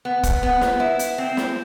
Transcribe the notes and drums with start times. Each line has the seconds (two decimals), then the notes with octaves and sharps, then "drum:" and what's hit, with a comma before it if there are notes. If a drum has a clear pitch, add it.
0.05 B3
0.23 drum: kick, hi-hat
0.43 B3
0.61 drum: snare
0.80 E4
0.99 drum: hi-hat
1.18 C4
1.37 drum: snare